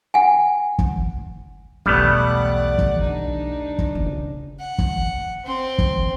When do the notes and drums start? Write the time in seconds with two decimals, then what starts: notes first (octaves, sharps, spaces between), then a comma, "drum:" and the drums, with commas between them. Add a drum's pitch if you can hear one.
0.14 F#5 G#5
0.79 drum: kick
1.86 B1 E2 G3 A3 B3 D5 F#5
2.78 drum: kick
3.01 D4 D#4
3.78 drum: kick
3.95 C#3
4.60 F#5
4.78 drum: kick
5.45 C4 C5
5.78 drum: kick